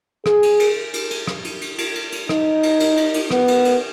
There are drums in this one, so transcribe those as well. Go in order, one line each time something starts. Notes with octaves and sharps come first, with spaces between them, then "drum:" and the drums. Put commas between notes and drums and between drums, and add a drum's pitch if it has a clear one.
G#4, drum: rim click
drum: cymbal
drum: cymbal
drum: cymbal
drum: cymbal
drum: rim click
drum: cymbal
drum: cymbal
drum: cymbal
drum: cymbal
drum: cymbal
D#4, drum: rim click
drum: cymbal
drum: cymbal
drum: cymbal
drum: cymbal
B3, drum: rim click
drum: cymbal
drum: cymbal